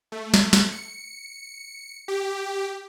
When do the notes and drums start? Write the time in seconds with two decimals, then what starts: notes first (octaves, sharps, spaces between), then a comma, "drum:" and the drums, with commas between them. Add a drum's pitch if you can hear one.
0.12 A3
0.34 drum: snare
0.53 drum: snare
0.72 C#7
2.08 G4